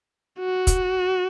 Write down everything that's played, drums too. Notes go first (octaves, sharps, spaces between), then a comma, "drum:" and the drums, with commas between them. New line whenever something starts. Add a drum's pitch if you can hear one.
F#4
drum: kick, hi-hat